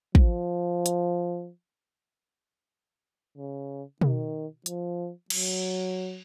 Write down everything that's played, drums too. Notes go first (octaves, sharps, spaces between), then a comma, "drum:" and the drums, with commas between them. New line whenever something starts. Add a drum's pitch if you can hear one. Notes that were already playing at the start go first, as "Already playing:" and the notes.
F3, drum: kick
drum: hi-hat
C#3
D#3, drum: tom B2
F3, drum: hi-hat
F#3, drum: cymbal